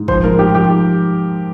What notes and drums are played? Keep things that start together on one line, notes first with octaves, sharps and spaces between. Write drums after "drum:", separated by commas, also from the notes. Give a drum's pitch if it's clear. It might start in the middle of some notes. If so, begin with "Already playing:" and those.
Already playing: G#2
F3 C5, drum: kick
G#2 A#4
G#2 G4
F3 G4